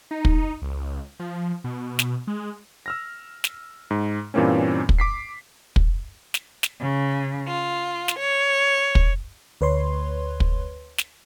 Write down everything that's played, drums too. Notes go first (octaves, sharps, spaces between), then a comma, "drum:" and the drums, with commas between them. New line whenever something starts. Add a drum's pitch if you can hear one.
D#4
drum: kick
C#2
F3
B2
drum: snare
G#3
E6 F6 A#6
drum: snare
G#2
G2 A#2 E3 A#3 C4 C#4
drum: kick
D6 B6 C7
drum: kick
drum: snare
drum: snare
C#3
F4
drum: snare
C#5
drum: kick
D2 B4 C#5 C6
drum: kick
drum: snare